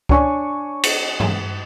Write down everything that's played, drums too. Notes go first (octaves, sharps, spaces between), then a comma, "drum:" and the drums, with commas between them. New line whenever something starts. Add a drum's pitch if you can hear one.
D4 C#5 G#5 C#6, drum: kick C#2
drum: cymbal
drum: tom G2